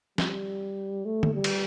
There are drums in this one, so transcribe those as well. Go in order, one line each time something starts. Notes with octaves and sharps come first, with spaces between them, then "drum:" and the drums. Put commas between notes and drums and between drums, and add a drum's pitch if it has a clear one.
G3, drum: snare
A3
drum: tom D3
G3
drum: cymbal